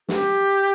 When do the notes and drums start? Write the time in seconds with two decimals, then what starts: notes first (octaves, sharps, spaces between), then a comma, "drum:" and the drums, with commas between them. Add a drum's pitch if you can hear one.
0.09 G4, drum: snare